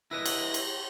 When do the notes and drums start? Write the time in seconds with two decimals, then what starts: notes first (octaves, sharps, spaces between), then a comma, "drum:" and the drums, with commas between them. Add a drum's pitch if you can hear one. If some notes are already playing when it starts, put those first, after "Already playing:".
0.11 E4 B4 D#5 A#6
0.26 drum: cymbal
0.54 drum: cymbal